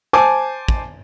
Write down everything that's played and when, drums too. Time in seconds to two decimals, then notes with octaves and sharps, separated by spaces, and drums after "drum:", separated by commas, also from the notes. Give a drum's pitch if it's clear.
0.13 C5 G#5 A5 D6
0.68 drum: kick